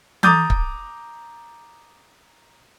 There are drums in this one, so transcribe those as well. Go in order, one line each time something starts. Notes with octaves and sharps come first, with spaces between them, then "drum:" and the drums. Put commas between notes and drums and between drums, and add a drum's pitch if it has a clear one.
A#5 D6 D#6 G6 A6, drum: tom E3
drum: kick